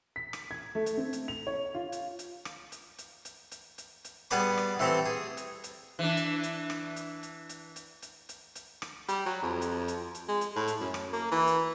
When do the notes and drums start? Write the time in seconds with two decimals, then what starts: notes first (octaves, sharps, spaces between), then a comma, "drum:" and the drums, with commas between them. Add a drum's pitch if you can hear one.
0.16 B6
0.33 drum: rim click
0.51 G#6
0.75 A3
0.86 drum: hi-hat
0.97 C4
1.13 drum: hi-hat
1.28 F7
1.47 C#5
1.75 F4
1.92 drum: hi-hat
2.19 drum: hi-hat
2.45 drum: rim click
2.72 drum: hi-hat
2.98 drum: hi-hat
3.25 drum: hi-hat
3.51 drum: hi-hat
3.78 drum: hi-hat
4.04 drum: hi-hat
4.31 G3 B3 G#4 B4 B5 D6, drum: hi-hat
4.57 drum: rim click
4.80 E3 A3 C4 G4
5.06 G#4
5.37 drum: hi-hat
5.64 drum: hi-hat
5.99 E3 D4
6.17 drum: hi-hat
6.43 drum: hi-hat
6.70 drum: rim click
6.96 drum: hi-hat
7.23 drum: hi-hat
7.49 drum: hi-hat
7.76 drum: hi-hat
8.02 drum: hi-hat
8.29 drum: hi-hat
8.55 drum: hi-hat
8.82 drum: rim click
9.08 G3, drum: hi-hat
9.26 F#3
9.42 F2
9.61 drum: hi-hat
9.88 drum: hi-hat
10.14 drum: hi-hat
10.28 G#3
10.41 drum: hi-hat
10.56 A2
10.67 drum: hi-hat
10.80 F#2
10.94 drum: rim click
11.13 A#3
11.32 E3
11.47 drum: hi-hat